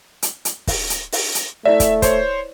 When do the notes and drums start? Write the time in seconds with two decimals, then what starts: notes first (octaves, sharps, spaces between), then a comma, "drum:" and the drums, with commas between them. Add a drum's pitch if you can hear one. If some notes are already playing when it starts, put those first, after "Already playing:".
0.22 drum: hi-hat
0.45 drum: hi-hat
0.67 drum: kick, open hi-hat
0.90 drum: hi-hat
1.12 drum: open hi-hat
1.35 drum: hi-hat
1.65 A3 E4 F#4 D5 E5
1.80 drum: kick, hi-hat
2.02 C5 C#5, drum: kick, hi-hat